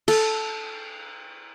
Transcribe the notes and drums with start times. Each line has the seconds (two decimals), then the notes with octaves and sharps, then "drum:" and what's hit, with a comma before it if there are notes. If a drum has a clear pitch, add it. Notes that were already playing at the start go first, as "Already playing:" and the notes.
0.08 A4, drum: cymbal